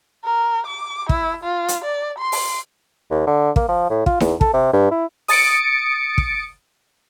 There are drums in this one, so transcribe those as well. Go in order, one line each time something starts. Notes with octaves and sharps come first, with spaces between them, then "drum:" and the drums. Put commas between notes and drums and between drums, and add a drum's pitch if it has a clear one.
A#4
D6
E4, drum: kick
F4
drum: hi-hat
D5
C6
drum: open hi-hat
D#2
D3
A#3, drum: kick
F3
A2
F4, drum: kick
E2, drum: snare D#4
A4, drum: kick
C3
G2
E4
D#6 A6 C#7 D7, drum: open hi-hat
drum: kick